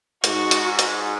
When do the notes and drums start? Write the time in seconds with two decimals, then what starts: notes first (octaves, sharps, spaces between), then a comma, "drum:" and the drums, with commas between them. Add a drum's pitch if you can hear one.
0.24 G#2 F#4, drum: hi-hat
0.51 drum: hi-hat
0.79 drum: hi-hat